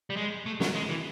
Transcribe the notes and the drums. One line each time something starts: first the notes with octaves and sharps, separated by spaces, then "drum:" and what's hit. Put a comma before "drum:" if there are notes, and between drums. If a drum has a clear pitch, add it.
G3
G#3
A3
F#3, drum: snare
G#3
E3